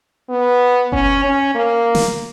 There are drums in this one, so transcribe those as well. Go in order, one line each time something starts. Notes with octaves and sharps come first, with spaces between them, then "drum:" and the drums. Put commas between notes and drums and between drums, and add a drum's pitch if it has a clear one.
B3
C#4, drum: kick F#1
C#4
A#3
drum: snare